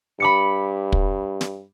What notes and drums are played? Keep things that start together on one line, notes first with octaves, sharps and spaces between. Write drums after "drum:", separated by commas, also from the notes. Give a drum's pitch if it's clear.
G2 B5 D6 C#7
drum: kick
drum: snare